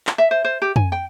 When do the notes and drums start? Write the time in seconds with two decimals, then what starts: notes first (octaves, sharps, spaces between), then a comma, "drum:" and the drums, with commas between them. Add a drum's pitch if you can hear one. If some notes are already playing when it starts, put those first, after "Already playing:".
0.07 drum: clap
0.18 E5
0.31 C5
0.45 C5
0.62 G4
0.76 G#5, drum: tom
0.92 G5